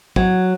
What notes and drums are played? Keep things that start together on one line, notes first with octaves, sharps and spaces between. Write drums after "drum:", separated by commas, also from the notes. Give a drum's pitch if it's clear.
F#3, drum: kick